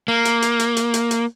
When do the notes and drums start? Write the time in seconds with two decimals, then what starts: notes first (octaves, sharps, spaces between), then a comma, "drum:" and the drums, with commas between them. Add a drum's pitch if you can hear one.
0.08 A#3
0.25 drum: hi-hat
0.42 drum: hi-hat
0.59 drum: hi-hat
0.77 drum: hi-hat
0.94 drum: hi-hat
1.11 drum: hi-hat